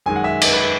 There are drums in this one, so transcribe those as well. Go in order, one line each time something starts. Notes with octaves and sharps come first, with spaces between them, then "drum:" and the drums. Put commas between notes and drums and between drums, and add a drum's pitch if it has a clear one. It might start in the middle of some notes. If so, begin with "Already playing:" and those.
F#2 D#3 G#3 G#5
F#5
E5
D#5, drum: cymbal
B4